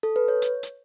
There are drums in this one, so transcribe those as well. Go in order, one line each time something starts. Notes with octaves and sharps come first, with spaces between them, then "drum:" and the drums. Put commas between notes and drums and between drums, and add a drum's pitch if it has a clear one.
A4
B4
C#5
drum: hi-hat
drum: hi-hat